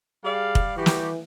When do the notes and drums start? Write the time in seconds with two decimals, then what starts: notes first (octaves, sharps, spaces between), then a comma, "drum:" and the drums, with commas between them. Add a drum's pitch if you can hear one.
0.24 G3 G#4 D5 F5
0.55 drum: kick
0.77 E3 G3 F#4 G4
0.86 drum: snare